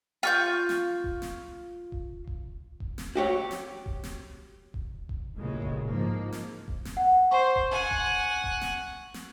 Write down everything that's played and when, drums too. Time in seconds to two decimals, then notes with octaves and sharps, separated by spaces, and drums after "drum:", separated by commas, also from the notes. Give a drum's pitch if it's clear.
0.23 F4 C#6 G6
0.69 drum: snare
1.04 drum: kick D#1
1.22 drum: snare
1.92 drum: kick D#1
2.27 drum: kick D#1
2.80 drum: kick D#1
2.98 drum: snare
3.15 F#4 G4 C#5
3.51 drum: snare
3.86 drum: kick D#1
4.04 drum: snare
4.74 drum: kick D#1
5.09 drum: kick D#1
5.37 A1 A#2 C#3 G#3
5.62 drum: kick D#1
5.87 G#2 F3 A#3
6.32 drum: snare
6.68 drum: kick D#1
6.85 drum: snare
6.97 F#5
7.31 C5 C#6
7.56 drum: kick D#1
7.71 F#5 G#5
7.91 drum: kick D#1
8.44 drum: kick D#1
8.61 drum: snare
9.14 drum: snare